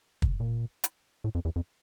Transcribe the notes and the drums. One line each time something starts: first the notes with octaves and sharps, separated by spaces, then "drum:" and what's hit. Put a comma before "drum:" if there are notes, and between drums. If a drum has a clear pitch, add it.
drum: kick
A#2
drum: hi-hat
A2
F2
E2
F2